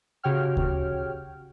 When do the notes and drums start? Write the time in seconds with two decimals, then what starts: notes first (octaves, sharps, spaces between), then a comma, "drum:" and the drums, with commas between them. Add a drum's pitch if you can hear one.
0.23 C#3 F#4 G4 C#5 G5 F6
0.57 drum: kick D2